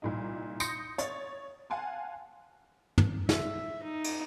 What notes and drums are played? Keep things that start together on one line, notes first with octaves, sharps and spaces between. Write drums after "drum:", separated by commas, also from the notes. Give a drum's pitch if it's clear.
C2 A#2 D#4
C6 D#6 G6 A#6 C#7, drum: tambourine
C#5 A6, drum: hi-hat
F5 F#5 G#5 A5 C6
drum: tom
E5, drum: snare
D#4
drum: cymbal